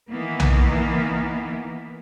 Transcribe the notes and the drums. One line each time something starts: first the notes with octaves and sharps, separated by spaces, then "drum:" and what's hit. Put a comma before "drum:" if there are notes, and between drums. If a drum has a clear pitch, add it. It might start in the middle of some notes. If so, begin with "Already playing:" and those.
D#3 E3 A#3 B3
drum: tom B1